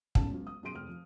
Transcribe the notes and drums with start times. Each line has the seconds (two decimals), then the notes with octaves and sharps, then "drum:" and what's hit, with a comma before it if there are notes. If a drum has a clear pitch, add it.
0.15 E1 B1 C#3 C#4 D#4 A5, drum: kick
0.30 E1 F#2 F4
0.47 D#6
0.63 F#2 B2 G#4 C6 D7 D#7
0.75 F1 C4 F6
0.88 F3